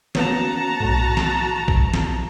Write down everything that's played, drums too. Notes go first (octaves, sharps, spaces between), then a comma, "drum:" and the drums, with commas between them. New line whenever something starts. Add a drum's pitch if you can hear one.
A#3 B3 C#4 F#4 A5 A#5, drum: snare
B1 A2
drum: snare
drum: kick
drum: snare